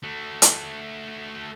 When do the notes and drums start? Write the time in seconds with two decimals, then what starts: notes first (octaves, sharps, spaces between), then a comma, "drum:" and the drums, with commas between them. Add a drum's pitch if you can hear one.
0.03 A3 F#4
0.42 drum: hi-hat